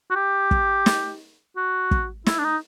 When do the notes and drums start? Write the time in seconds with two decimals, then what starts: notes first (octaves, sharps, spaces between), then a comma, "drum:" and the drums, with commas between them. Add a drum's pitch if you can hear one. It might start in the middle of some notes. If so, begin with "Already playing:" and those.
0.10 F#4
0.15 G4
0.51 drum: kick
0.86 drum: snare
1.57 F#4
1.91 drum: kick
2.26 E4, drum: snare
2.39 D4
2.44 D#4